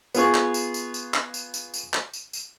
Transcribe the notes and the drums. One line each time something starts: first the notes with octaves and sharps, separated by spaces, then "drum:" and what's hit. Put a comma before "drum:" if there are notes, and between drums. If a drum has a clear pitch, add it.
B3 F4 G#4 C#6, drum: tambourine
drum: clap
drum: tambourine
drum: tambourine
drum: tambourine
drum: clap
drum: tambourine
drum: tambourine
drum: tambourine
drum: clap
drum: tambourine
drum: tambourine